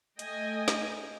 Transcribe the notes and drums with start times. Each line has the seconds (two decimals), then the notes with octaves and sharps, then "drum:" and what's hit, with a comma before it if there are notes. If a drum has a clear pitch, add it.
0.19 A3 D#5 G5 G#5, drum: hi-hat
0.68 drum: snare